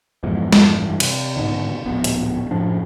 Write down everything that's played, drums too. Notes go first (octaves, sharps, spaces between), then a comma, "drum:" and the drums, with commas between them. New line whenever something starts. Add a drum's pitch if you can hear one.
F2 G#2 B2 E3
drum: snare
G2 E3
C3, drum: cymbal
G#2 B2 D3 D#3
D1 A#1 B3
drum: hi-hat
F#2 A2 F3 D4